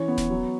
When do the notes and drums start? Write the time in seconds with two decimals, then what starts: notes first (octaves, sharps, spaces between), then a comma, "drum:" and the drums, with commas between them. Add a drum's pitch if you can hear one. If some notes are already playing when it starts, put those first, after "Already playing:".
Already playing: E3 C#4 C#5
0.08 B3
0.18 drum: snare D#1
0.30 F#3